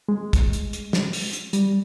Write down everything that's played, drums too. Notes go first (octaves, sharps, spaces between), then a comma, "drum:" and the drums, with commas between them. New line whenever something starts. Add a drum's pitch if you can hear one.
G#3
drum: kick, hi-hat
drum: hi-hat
drum: hi-hat
drum: snare
drum: open hi-hat
drum: hi-hat
G3, drum: hi-hat